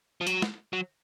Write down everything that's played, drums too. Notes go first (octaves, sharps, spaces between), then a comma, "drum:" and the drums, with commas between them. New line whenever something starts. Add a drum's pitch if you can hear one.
F3
F#3, drum: hi-hat
drum: snare
F#3